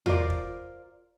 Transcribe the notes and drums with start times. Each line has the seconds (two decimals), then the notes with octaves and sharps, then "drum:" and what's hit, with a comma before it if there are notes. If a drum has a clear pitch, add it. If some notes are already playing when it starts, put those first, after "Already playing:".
0.06 F4 A#4 C5 D5, drum: tom E2
0.30 drum: kick